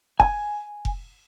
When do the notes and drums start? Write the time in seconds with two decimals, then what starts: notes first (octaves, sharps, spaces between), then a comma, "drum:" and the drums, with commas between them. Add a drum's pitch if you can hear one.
0.20 G#5, drum: kick F1
0.85 drum: kick F1